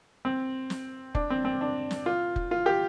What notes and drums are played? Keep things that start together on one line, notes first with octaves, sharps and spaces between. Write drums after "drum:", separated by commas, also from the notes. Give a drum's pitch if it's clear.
C4
drum: snare
D4, drum: kick F1
C4
C4
D4
drum: snare
F4
drum: kick F1
F4
G4